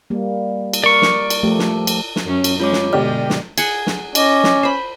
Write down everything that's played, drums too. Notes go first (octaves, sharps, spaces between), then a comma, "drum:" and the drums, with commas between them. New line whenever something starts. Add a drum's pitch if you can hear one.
G3 A#3
drum: cymbal
A#4 D5 C#6
drum: snare
drum: cymbal
F3 A3 G4
drum: snare
drum: cymbal
drum: snare
F#2 C#4
drum: cymbal
G#3 C#4 F4 C#5 D6
drum: snare
G1 B2 G#3 G4 D5 D#5 F6
drum: snare
G#4 F#5, drum: cymbal
drum: snare
C#4 D#5 D6, drum: cymbal
drum: snare
C5 B5